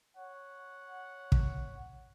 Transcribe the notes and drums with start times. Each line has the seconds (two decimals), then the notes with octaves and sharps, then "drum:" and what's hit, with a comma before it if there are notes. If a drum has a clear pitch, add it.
0.16 C#5 F#5
1.32 drum: kick